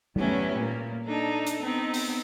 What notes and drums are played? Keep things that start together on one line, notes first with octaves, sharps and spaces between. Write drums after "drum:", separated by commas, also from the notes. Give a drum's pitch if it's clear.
F#3 G3 A3 B3 C#4 E4, drum: tom G3
A#2 A#3
D4 D#4 A4
drum: hi-hat
B3 C4 D#4
drum: open hi-hat